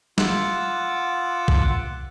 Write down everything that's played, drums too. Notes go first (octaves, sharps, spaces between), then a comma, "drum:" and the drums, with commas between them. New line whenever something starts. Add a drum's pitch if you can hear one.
F4 F#5 D6 E6, drum: snare
drum: kick